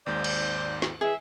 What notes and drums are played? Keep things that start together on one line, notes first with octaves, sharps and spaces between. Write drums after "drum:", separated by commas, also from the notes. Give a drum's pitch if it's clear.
G#1 D#2 G#2 C5 D5 G6
drum: cymbal
drum: snare
E3 G#3 G#4 E5